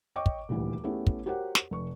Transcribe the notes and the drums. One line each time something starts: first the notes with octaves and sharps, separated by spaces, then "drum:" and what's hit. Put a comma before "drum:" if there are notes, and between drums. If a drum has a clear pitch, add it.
C#5 D#5 G5 C#6 D6
drum: kick
D#1 D2 E3 G4
A3 B3 C#4 E4 G4 G#4
drum: kick
F#4 G4 A#4 C5 C#5 F#5
drum: snare
F1 C#6